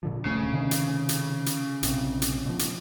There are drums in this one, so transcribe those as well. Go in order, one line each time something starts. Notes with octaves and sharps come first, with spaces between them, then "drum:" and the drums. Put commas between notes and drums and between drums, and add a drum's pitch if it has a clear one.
A#2 D3 F3
D#1 D2 C#3 A3
C3 D#3 C#4
drum: hi-hat
drum: hi-hat
drum: hi-hat
A#1 C3, drum: hi-hat
drum: hi-hat
B2 F3
drum: hi-hat